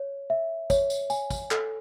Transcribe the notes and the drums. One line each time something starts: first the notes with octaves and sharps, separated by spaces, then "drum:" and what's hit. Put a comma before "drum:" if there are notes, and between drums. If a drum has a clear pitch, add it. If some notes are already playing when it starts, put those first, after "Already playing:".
Already playing: C#5
E5
C#5, drum: kick, tambourine
drum: tambourine
G#5, drum: tambourine
drum: kick, tambourine
A4, drum: clap